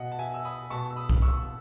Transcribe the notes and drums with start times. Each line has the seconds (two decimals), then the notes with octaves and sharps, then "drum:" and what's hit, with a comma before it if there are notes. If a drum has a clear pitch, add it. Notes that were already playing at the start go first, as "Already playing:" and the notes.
Already playing: B2 D#5 F#5
0.12 A5
0.19 E5 G#5
0.34 E6
0.45 B5 D#6
0.70 B2 A5 C#6
0.90 E6
0.96 B5 D#6
1.09 drum: kick
1.22 C#6 E6